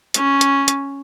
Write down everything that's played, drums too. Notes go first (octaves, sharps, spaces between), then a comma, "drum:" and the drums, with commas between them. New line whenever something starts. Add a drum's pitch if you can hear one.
C#4, drum: hi-hat
drum: hi-hat
drum: hi-hat